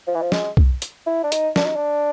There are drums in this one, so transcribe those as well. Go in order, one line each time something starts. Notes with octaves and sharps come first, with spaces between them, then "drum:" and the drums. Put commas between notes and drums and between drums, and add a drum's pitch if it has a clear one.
F3
E3
F3
G#3, drum: snare
drum: kick B1
drum: hi-hat
E4
D4
D#4, drum: hi-hat
D4, drum: snare
D#4
D4